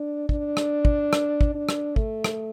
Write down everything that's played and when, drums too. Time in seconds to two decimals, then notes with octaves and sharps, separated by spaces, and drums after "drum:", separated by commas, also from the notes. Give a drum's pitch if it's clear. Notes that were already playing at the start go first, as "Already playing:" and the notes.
Already playing: D4
0.29 D4, drum: kick
0.57 drum: rim click
0.85 drum: kick
1.13 drum: rim click
1.41 drum: kick
1.55 D4
1.69 drum: rim click
1.96 A3, drum: kick
2.24 drum: rim click